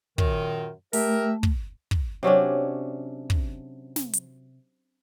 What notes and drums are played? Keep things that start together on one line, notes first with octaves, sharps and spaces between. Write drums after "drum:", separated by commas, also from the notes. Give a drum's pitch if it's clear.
F#2 A#2 D#3, drum: kick
A3 G4 A#4 E5, drum: open hi-hat
drum: kick
drum: kick
C3 F#3 C#4 D4
drum: kick
drum: snare
drum: hi-hat